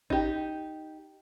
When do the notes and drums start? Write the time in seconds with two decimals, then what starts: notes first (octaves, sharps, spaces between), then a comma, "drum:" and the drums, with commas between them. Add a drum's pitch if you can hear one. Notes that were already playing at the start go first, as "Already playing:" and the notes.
0.10 D#4 G4, drum: kick G#1